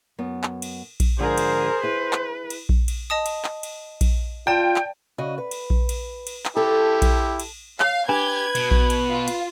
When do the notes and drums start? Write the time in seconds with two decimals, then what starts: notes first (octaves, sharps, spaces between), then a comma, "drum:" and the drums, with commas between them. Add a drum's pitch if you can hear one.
0.19 F#2 B3
0.43 drum: clap
0.62 drum: cymbal
1.00 drum: kick A#1, cymbal
1.19 G#2 D3 F3 G#4 A#4 C5
1.38 drum: cymbal
1.83 E4 G#4 B4
2.13 drum: clap
2.50 drum: cymbal
2.69 drum: kick A#1
2.88 drum: cymbal
3.10 D#5 A5 D#6
3.26 drum: cymbal
3.44 drum: clap
3.63 drum: cymbal
4.01 drum: kick A#1, cymbal
4.47 F4 D5 G5 A5
4.76 drum: clap
5.18 C#3 F#4 D#5
5.38 B4
5.51 drum: cymbal
5.70 drum: kick A#1
5.89 drum: cymbal
6.27 drum: cymbal
6.45 drum: clap
6.57 E4 G4 A4
7.02 drum: kick A#1, cymbal
7.40 drum: cymbal
7.80 C#5 F5, drum: clap
8.09 D4 G4 B4 G#6
8.55 B2, drum: cymbal
8.71 drum: kick A#1
8.90 drum: cymbal
9.10 F4
9.28 drum: cymbal